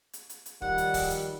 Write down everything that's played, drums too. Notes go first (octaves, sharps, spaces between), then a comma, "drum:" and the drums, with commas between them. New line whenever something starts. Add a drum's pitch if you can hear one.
drum: hi-hat
drum: hi-hat
drum: hi-hat
D#3 F3 G3 F#5, drum: kick
drum: hi-hat
drum: kick, open hi-hat
drum: hi-hat